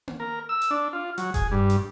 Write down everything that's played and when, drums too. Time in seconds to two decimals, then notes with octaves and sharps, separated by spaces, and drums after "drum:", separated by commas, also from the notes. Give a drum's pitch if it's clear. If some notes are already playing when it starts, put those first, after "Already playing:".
0.08 drum: tom A#3
0.20 A#4
0.49 E6
0.62 drum: hi-hat
0.71 D4
0.93 F4
1.18 F#3, drum: hi-hat
1.34 G#4, drum: kick E1, hi-hat
1.52 G2
1.70 drum: hi-hat